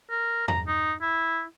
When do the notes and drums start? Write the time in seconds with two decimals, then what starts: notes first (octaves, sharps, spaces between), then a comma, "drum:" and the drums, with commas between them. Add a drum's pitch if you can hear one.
0.10 A#4
0.48 A#5, drum: tom E2
0.67 D#4
1.02 E4